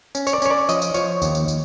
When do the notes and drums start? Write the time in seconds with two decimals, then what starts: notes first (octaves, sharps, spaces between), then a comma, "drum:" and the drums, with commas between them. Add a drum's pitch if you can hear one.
0.15 C#4, drum: tambourine
0.27 C#5, drum: tambourine
0.33 D5
0.42 C#4 C#5, drum: tambourine
0.50 D5
0.69 F3 D#5, drum: tambourine
0.82 drum: tambourine
0.94 F3 C#5, drum: tambourine
1.22 D#2, drum: tambourine
1.35 drum: tambourine
1.48 drum: tambourine